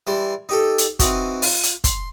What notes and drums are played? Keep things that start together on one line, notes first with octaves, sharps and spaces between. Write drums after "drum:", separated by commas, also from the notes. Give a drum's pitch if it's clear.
E3 G3 C6
D#4 G4 A4
drum: hi-hat
E3 C4 D#4 F#4, drum: kick, hi-hat
F4, drum: open hi-hat
drum: hi-hat
C6, drum: kick, hi-hat